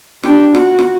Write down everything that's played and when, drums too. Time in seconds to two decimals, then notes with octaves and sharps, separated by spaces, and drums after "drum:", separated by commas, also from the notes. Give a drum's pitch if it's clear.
0.23 D4 G4, drum: snare
0.55 F#4, drum: snare
0.79 drum: snare